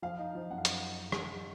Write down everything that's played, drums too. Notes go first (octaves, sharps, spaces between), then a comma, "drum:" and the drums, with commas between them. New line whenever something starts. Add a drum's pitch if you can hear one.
F3 F5
D#4
F3
F#2 F#5
F5
D#5, drum: hi-hat
drum: rim click